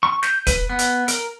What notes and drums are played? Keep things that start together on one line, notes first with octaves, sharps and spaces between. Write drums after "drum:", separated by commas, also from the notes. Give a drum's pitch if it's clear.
C#6
G6, drum: snare
B4, drum: kick, hi-hat
B3
drum: hi-hat
A#4, drum: hi-hat